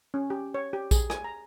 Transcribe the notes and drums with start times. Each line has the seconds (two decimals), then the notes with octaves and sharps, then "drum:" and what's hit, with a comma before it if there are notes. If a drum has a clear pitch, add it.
0.14 C#4
0.30 G4
0.54 C#5
0.73 G4
0.91 G#4, drum: kick A#1, tambourine
1.10 G#5, drum: rim click
1.24 A#5